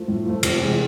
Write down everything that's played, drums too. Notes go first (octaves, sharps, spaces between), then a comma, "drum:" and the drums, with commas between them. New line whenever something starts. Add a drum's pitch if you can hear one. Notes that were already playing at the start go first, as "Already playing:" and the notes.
Already playing: F3 A3
A2
F3 A3
C3, drum: cymbal
E3 G#3